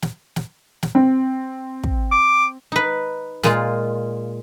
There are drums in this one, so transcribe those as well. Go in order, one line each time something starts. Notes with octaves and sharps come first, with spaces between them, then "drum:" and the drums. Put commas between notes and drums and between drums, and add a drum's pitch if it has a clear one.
drum: snare
drum: snare
drum: snare
C4
drum: kick
D6
D#4 B4
A#2 G#3 F4, drum: snare